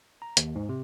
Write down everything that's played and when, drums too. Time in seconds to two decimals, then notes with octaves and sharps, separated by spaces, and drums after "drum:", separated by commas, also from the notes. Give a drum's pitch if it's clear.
0.22 A#5
0.37 D#2, drum: hi-hat
0.55 G#2
0.69 C3